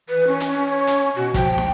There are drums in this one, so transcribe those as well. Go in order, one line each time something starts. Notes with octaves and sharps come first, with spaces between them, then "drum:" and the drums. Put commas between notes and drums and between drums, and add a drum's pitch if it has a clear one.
E3 B4
C#4
drum: hi-hat
C#5
drum: hi-hat
B2 F#4
F3 G5, drum: kick, hi-hat
drum: snare